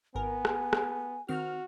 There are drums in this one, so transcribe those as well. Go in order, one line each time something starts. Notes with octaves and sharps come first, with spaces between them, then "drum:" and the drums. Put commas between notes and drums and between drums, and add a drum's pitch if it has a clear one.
G#1 B3 A#4 G#5
drum: rim click
drum: rim click
D#3 C4 F#4 F6